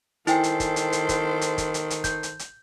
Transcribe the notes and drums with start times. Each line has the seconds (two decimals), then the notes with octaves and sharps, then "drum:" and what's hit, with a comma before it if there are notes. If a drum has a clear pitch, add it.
0.27 D#3 E4 A4 C5 G5 G#5, drum: hi-hat
0.44 drum: hi-hat
0.60 drum: kick, hi-hat
0.76 drum: hi-hat
0.92 drum: hi-hat
1.09 drum: kick, hi-hat
1.41 drum: hi-hat
1.58 drum: kick, hi-hat
1.74 drum: hi-hat
1.90 drum: hi-hat
2.04 G6, drum: kick, hi-hat
2.23 drum: hi-hat
2.39 drum: hi-hat